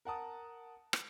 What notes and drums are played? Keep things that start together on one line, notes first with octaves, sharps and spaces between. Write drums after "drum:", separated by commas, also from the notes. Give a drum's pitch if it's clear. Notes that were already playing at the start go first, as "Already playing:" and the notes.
A#4 F#5 A5 D#6
drum: rim click